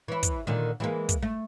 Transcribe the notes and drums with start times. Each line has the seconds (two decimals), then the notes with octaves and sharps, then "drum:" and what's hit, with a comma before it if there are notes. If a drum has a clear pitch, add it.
0.08 E3 E4
0.23 drum: kick, hi-hat
0.47 A#2 D3 D#3
0.80 E3 G#3 A#3
1.09 drum: kick, hi-hat
1.23 A3